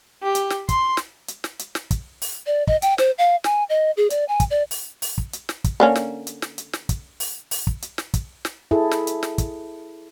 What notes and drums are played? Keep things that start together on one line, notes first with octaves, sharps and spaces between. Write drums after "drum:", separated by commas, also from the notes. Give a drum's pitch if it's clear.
G4
drum: hi-hat
drum: snare
C6, drum: kick, hi-hat
drum: snare
drum: hi-hat
drum: snare
drum: hi-hat
drum: snare
drum: kick, hi-hat
drum: open hi-hat
D5
D#5, drum: kick
G5, drum: hi-hat
C5, drum: snare
F5
G#5, drum: snare
D#5
G#4
D5, drum: hi-hat
G#5
drum: kick, hi-hat
D5
drum: open hi-hat
drum: open hi-hat
drum: kick
drum: hi-hat
drum: snare
drum: kick, hi-hat
D3 A#3 C#4
drum: snare
drum: hi-hat
drum: snare
drum: hi-hat
drum: snare
drum: kick, hi-hat
drum: open hi-hat
drum: open hi-hat
drum: kick
drum: hi-hat
drum: snare
drum: kick, hi-hat
drum: snare
E4 G#4 A4
drum: snare
drum: hi-hat
drum: snare
drum: kick, hi-hat